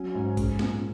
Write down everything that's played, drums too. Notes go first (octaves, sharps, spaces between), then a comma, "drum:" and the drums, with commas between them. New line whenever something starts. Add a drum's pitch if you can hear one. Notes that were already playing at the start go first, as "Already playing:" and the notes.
Already playing: F#3 C#4
G#2
G#3, drum: kick A#1, hi-hat
A#2, drum: snare